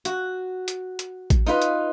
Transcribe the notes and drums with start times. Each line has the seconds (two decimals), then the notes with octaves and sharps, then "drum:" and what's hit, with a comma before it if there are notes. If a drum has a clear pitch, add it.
0.05 F#4, drum: hi-hat
0.68 drum: hi-hat
0.99 drum: hi-hat
1.30 drum: kick A1, hi-hat
1.46 D#4 F4 B4
1.62 drum: hi-hat